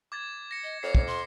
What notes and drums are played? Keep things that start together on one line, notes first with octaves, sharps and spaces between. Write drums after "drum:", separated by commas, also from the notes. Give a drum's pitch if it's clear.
D6 G#6 A6
A#6 C#7
D#5
F2 C#5 C7
drum: kick
C6